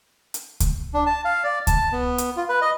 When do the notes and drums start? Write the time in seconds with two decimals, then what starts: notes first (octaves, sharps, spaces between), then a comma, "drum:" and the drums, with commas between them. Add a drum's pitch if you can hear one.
0.34 drum: hi-hat
0.60 drum: kick C#2, hi-hat
0.94 D4
1.06 A5
1.25 F5
1.44 D5
1.67 A5, drum: kick C#2, hi-hat
1.92 B3
2.18 drum: hi-hat
2.37 F4
2.49 B4
2.62 D#5